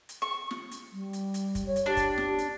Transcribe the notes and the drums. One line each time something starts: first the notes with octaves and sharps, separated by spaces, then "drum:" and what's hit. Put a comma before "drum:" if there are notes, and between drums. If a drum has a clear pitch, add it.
drum: hi-hat
C#6
drum: snare
drum: hi-hat
G3
drum: hi-hat
drum: hi-hat
drum: kick, hi-hat
C#5
drum: hi-hat
D4 G4
drum: kick, hi-hat
drum: snare
drum: hi-hat